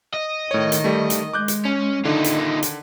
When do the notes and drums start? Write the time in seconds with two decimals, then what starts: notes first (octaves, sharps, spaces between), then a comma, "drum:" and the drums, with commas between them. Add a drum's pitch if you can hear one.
0.14 D#5
0.51 A2 D#3 C#5
0.72 drum: hi-hat
0.84 G3 A3
1.10 drum: hi-hat
1.33 G#3 D6 F#6 G6
1.48 drum: hi-hat
1.65 C#4
2.05 D3 D#3 D#4 F4
2.24 drum: hi-hat
2.63 drum: hi-hat